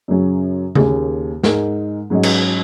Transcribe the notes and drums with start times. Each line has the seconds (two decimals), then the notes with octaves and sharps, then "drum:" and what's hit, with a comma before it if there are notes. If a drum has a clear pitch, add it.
0.08 F#2 C#3 F#3 C#4
0.75 D#2 C#3 A#3 C#4 G#4, drum: tom C#3
1.43 G#2 G#3 D#4 A#4, drum: snare
2.10 G#2 F#3 C#4 F#4 D#5
2.23 drum: cymbal